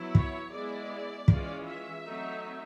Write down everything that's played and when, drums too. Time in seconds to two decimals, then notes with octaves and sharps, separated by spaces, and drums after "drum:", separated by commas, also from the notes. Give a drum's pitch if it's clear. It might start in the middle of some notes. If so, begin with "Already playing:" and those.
Already playing: F#3 B3 E4
0.15 C#5, drum: kick
0.53 G#3 B3 E4 D5
1.28 E3 G#3 C#4 F4, drum: kick
1.66 E5
2.04 F#3 A3 C4 D#4